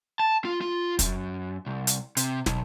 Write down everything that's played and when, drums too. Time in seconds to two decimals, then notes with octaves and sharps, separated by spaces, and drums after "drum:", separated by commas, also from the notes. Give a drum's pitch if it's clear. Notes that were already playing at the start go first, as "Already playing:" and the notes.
0.20 A5
0.45 F4
0.61 F4
0.99 F#2, drum: kick, hi-hat
1.66 C2
1.87 drum: hi-hat
2.17 C3, drum: hi-hat
2.46 B1, drum: snare